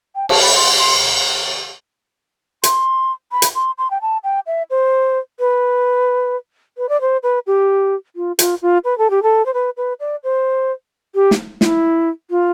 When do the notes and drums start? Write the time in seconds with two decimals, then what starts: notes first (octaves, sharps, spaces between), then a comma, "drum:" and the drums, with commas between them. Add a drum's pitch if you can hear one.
0.16 G5
0.29 A5, drum: cymbal
0.42 B5
0.55 C6
0.79 C6
2.64 C6, drum: hi-hat
3.32 B5
3.42 drum: hi-hat
3.55 C6
3.78 C6
3.91 G5
4.02 A5
4.24 G5
4.47 E5
4.70 C5
5.40 B4
6.78 B4
6.89 D5
7.01 C5
7.23 B4
7.47 G4
8.16 F4
8.39 F4, drum: hi-hat
8.62 F4
8.85 B4
8.98 A4
9.10 G4
9.23 A4
9.46 C5
9.54 B4
9.77 B4
10.00 D5
10.24 C5
11.15 G4
11.31 drum: snare
11.61 F4, drum: snare
11.65 E4
12.30 F4